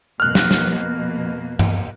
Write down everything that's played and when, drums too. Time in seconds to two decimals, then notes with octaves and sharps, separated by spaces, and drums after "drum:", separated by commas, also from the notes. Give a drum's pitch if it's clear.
0.20 F2 B2 A#3 F6 F#6
0.35 drum: snare
0.51 drum: snare
1.59 drum: tom G2